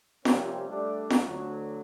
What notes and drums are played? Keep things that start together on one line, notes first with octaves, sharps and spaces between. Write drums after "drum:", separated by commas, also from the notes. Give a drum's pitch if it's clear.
C3 F3 G3 A#3 C4 C#4, drum: snare
G3 A3 D4
drum: snare
D2 F#3